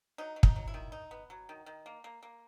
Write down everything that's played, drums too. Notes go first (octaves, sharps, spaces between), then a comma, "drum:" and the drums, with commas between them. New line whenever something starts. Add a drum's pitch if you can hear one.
F#3 D#4
F#3
D#4, drum: kick
F#3
E4
D#3
D#4
B3
F#3
D#3
D#3
A#3
A#3
A#3